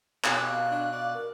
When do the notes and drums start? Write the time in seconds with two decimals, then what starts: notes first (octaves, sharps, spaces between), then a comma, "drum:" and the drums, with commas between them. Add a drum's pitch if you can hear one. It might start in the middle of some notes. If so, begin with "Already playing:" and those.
0.25 B2 G4 F#6, drum: clap
0.46 F5
0.71 D4
0.92 D5
1.14 A#4